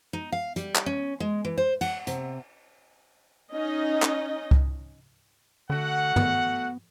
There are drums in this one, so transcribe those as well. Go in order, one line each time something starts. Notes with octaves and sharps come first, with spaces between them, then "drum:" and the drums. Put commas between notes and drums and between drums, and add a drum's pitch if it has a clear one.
D#4
F5
G3, drum: hi-hat
drum: clap
C#4
G#3
E3
C5
F#5, drum: cymbal
C3, drum: hi-hat
C#4 D#4 D#5
drum: clap
drum: kick C2
D3 A3 F#4 F#5
B3, drum: tom